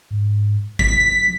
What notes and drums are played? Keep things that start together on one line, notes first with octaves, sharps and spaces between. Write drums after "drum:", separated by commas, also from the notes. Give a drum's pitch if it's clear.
G#2
F#3 B6, drum: kick